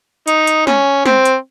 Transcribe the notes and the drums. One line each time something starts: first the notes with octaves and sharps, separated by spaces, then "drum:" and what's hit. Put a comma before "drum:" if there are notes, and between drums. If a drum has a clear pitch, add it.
D#4, drum: hi-hat
drum: hi-hat
C#4, drum: snare
C4, drum: snare
drum: hi-hat